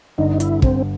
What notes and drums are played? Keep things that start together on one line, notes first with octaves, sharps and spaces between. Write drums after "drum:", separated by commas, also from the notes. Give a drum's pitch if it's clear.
G1 G2 D3 D#4
E4, drum: hi-hat
C4, drum: kick